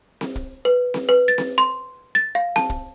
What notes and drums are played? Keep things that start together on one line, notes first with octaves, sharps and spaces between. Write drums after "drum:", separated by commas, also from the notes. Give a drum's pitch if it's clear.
drum: snare C4
drum: kick
B4
drum: snare C4
B4
A6
drum: snare C4
C6
A6
F5
A5, drum: snare C4
drum: kick